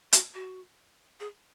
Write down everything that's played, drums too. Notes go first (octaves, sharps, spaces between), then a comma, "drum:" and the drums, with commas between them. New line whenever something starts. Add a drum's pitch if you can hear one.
F#4, drum: hi-hat
F#4
G#4